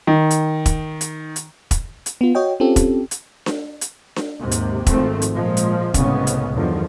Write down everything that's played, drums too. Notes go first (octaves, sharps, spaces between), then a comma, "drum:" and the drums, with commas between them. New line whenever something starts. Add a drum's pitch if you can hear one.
D#3
drum: hi-hat
drum: kick E1, hi-hat
drum: hi-hat
drum: hi-hat
drum: kick E1, hi-hat
drum: hi-hat
B3 F4
F#4 C#5 D#5 G5
C4 C#4 F4 G4 A4
drum: kick E1, hi-hat
drum: hi-hat
drum: snare D4
drum: hi-hat
drum: snare D4
D#2 G#2 C3
drum: hi-hat
G#1 D#3 F3 A3 C4, drum: kick E1, hi-hat
drum: hi-hat
A#2 F3 G#3
drum: hi-hat
C2 A2 C#3 G#3 B3 C#4, drum: kick E1, hi-hat
drum: hi-hat
E2 G2 D3 D#3 F3